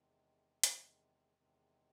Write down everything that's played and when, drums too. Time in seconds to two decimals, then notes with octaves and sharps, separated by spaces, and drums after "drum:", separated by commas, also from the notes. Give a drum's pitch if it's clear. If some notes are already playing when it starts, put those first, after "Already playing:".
Already playing: E2 C3 D#3 G#3
0.63 E2 C3 D#3 G#3, drum: hi-hat
1.37 E2 C3 D#3 G#3